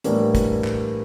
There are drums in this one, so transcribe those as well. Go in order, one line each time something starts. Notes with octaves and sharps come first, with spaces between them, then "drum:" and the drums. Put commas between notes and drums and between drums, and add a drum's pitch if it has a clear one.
A2 E3 G3 A#3 D4, drum: hi-hat
drum: kick, hi-hat
drum: clap